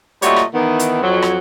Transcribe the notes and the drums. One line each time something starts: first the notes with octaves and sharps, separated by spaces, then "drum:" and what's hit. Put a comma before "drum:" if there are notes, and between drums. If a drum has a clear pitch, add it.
A#2 G3 A3 F#4 C#5 D#5, drum: hi-hat
drum: rim click
D#3 E3 B3
drum: hi-hat
F2 F#3
drum: rim click